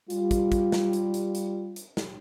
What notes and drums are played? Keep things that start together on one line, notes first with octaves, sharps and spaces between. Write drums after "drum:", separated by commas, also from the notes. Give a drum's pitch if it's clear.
G3 F4, drum: hi-hat
drum: kick, hi-hat
drum: kick, hi-hat
drum: snare
drum: hi-hat
drum: hi-hat
drum: hi-hat
drum: hi-hat
drum: snare